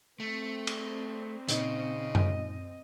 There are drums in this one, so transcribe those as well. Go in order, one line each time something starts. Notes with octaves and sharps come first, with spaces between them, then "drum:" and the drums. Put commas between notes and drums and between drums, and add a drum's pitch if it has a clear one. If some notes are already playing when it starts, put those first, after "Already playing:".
A3 C4
drum: cymbal
A#2 C#3 D#4 D#5, drum: hi-hat
drum: tom F#2